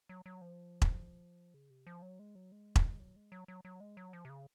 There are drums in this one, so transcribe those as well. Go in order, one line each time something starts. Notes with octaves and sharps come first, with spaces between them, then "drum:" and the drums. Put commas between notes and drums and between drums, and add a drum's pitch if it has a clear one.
F#3
F#3
F3
drum: kick E1
C#3
C3
F3
F#3
G#3
F#3
G#3
drum: kick E1
F#3
G#3
F#3
F#3
F#3
G#3
F#3
F3
C3
C#3